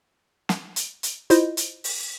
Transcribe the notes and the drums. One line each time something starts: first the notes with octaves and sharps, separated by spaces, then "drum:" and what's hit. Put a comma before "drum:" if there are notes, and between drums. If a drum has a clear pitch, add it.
drum: snare
drum: hi-hat
drum: hi-hat
E4 F4 C5 D#5, drum: hi-hat
drum: hi-hat
drum: open hi-hat